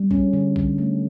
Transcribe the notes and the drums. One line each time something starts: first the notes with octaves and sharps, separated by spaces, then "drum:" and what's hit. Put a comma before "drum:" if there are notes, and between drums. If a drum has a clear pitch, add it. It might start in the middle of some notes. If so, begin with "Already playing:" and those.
Already playing: G3
C#4, drum: kick B1
D3
D3, drum: kick B1
A3